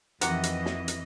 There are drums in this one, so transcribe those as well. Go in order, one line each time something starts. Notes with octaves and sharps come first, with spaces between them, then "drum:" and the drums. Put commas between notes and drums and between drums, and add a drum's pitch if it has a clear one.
F2 D#3 E3 G4 D#5 F#5, drum: hi-hat
drum: hi-hat
drum: snare
drum: hi-hat